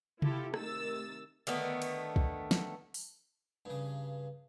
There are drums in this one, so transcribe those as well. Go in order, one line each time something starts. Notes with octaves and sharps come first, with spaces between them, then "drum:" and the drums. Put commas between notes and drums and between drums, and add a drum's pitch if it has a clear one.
E4 F4 G4 A4, drum: tom C3
C3 D#3 A3 E6 A6, drum: rim click
D3 D#3 A3 B3, drum: cymbal
drum: cymbal
drum: kick
drum: snare
drum: open hi-hat
G2 C#3